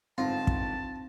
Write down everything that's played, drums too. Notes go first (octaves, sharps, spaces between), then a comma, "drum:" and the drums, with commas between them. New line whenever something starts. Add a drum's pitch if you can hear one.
G1 G#2 C4 F4 A5 A#6
drum: kick